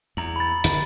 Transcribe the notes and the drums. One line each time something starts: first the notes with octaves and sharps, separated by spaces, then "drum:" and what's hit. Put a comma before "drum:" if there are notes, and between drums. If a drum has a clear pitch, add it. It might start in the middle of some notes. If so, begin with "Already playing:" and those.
E2 A#5 F#7
B5 A6
D#2 D3 D#3, drum: hi-hat